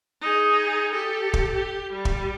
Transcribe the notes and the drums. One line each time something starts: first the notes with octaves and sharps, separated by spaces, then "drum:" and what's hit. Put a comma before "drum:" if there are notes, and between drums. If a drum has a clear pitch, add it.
D#4 G#4
G4 A4
drum: kick
G4
G3
drum: kick